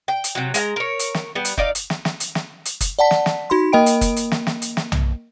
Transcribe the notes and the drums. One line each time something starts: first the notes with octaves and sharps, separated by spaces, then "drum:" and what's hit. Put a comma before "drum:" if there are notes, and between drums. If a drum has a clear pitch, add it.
G5
drum: hi-hat
C3 F#3
G#3 F5 A#5, drum: hi-hat
A#4 C#5
drum: hi-hat
drum: snare
G3 B3
drum: hi-hat
D#4 D5 F5, drum: kick F#1
drum: hi-hat
drum: snare
drum: snare
drum: hi-hat
drum: snare
drum: hi-hat
drum: kick F#1, hi-hat
D5 F#5 A5 B6
drum: snare
drum: snare
D#4 F#4 B5 C6
A#3 A#4 D#5 G5 B5 D7
drum: hi-hat
drum: kick F#1, hi-hat
drum: hi-hat
drum: snare
drum: snare
drum: hi-hat
drum: snare
drum: tom B1